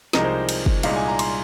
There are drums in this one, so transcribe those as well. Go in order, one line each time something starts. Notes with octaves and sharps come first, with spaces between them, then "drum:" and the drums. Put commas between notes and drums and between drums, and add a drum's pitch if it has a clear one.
C2 C3 F3 G#3 D#4 A#4, drum: snare
C5
drum: cymbal
drum: kick
C2 A#2 G#3 D#4 F5, drum: cymbal
G#5
A#5
C6, drum: cymbal